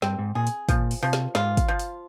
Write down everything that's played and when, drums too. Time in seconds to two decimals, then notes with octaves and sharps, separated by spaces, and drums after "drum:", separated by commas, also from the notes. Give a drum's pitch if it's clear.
0.02 G2 C4, drum: snare
0.19 G#2
0.35 A#2 G#4
0.47 drum: hi-hat
0.69 A#2 F3, drum: kick, hi-hat
0.91 drum: open hi-hat
1.03 C3 F3
1.13 drum: snare
1.35 G#2 F4, drum: snare
1.57 drum: kick, hi-hat
1.68 F3
1.79 drum: hi-hat